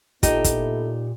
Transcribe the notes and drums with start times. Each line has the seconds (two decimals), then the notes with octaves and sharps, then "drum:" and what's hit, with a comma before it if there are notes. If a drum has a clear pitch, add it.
0.23 A#2 B3 D#4 E4 G4 A4, drum: kick, hi-hat
0.44 drum: kick, hi-hat